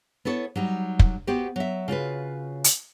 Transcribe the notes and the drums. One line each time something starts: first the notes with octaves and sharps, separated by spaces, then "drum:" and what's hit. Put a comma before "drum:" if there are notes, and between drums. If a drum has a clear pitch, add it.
B3 E4 A4 C#5
F#3 G3 D#4
drum: kick
B3 F#4 G4 C5
F#3 E5
C#3 F4 F#4 B4
drum: hi-hat